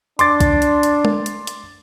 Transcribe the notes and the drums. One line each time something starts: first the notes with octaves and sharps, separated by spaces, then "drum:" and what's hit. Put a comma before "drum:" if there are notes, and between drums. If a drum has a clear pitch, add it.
D4 C6 D6 A6, drum: hi-hat
drum: kick, hi-hat
drum: hi-hat
drum: hi-hat
drum: tom G#3
drum: hi-hat
drum: hi-hat